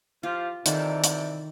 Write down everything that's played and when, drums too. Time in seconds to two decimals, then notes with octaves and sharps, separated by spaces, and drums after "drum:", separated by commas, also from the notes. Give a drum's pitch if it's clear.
0.23 F3 F4 G4 F5
0.66 C3 D#3 E3 A4 D5, drum: hi-hat
1.04 drum: hi-hat